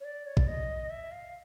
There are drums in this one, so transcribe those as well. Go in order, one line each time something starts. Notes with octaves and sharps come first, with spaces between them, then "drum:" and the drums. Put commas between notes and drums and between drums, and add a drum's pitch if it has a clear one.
C#5
D5
C#5
D5, drum: kick
D#5
E5
F5